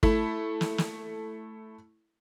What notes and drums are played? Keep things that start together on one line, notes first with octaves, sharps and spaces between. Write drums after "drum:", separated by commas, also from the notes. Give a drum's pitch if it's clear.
A3 E4, drum: kick
drum: snare
drum: snare